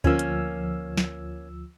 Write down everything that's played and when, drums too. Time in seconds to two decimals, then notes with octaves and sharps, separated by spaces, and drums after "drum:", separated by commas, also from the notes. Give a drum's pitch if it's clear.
0.04 D2 F3 A#3 C#4 E6, drum: kick
0.19 drum: hi-hat
0.97 drum: snare